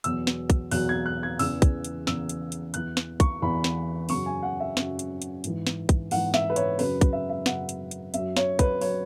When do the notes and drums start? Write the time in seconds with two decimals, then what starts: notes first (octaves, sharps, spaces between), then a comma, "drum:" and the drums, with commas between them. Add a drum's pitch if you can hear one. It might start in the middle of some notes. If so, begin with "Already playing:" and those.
0.04 E2 B2 F#3 E6, drum: hi-hat
0.27 drum: snare
0.50 drum: kick, hi-hat
0.71 E2 B2 F#3 F#6, drum: open hi-hat
0.89 G#6
1.06 F#6
1.23 G#6
1.39 E2 C#3 E3 E6, drum: open hi-hat
1.62 drum: kick, hi-hat
1.84 drum: hi-hat
2.07 E2 C#3 E3 E6, drum: snare
2.29 drum: hi-hat
2.52 drum: hi-hat
2.74 E2 E3 F#6, drum: hi-hat
2.97 drum: snare
3.20 C#6, drum: kick, hi-hat
3.42 E2 E3 B5
3.64 drum: snare
4.09 F#2 C#3 F#3 C#6, drum: open hi-hat
4.26 G#5
4.43 F#5
4.60 E5
4.77 F#2 C#3 F#3, drum: snare
4.99 drum: hi-hat
5.22 drum: hi-hat
5.44 G#2 E3, drum: hi-hat
5.67 drum: snare
5.89 drum: kick, hi-hat
6.11 G#2 E3 F#5, drum: open hi-hat
6.34 E5, drum: snare
6.50 B4
6.56 C#5, drum: hi-hat
6.79 F#2 C#3 F#3 B4, drum: open hi-hat
7.01 drum: kick, hi-hat
7.13 E5
7.29 E5
7.46 F#2 C#3 F#3 F#5, drum: snare
7.69 drum: hi-hat
7.91 drum: hi-hat
8.14 F#2 F#3 E5, drum: hi-hat
8.37 C#5, drum: snare
8.59 B4, drum: kick, hi-hat
8.81 F#3 C#5, drum: open hi-hat